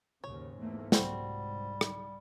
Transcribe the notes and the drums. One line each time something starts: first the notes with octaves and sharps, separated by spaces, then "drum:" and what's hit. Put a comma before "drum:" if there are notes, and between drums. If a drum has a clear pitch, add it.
D#2 G#2 C#3 C#5
E2 A3 A#3
C2 G#2 G3 C4 F#4, drum: snare
drum: rim click